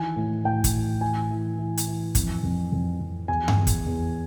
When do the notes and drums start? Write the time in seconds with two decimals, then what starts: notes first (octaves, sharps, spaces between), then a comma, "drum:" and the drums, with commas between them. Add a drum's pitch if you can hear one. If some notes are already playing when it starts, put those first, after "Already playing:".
Already playing: D#3 E3 G#5
0.16 A2
0.44 A2 G5
0.64 drum: kick, hi-hat
0.74 E3
1.01 E3 G#5
1.30 E3
1.58 E3
1.77 drum: hi-hat
1.87 E3
2.15 F2, drum: kick, hi-hat
2.43 F2
2.72 F2
3.00 F2
3.28 E2 G#5
3.48 drum: tom G2
3.58 E2
3.67 drum: kick, hi-hat
3.86 E2